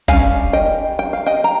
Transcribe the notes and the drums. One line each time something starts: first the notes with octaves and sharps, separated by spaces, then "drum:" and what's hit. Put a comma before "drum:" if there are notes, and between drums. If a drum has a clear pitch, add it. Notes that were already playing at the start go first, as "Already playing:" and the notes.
G3 C#4 F5 G#5, drum: kick
D#5 G5
G5
F5
D#5 G5
G5 A#5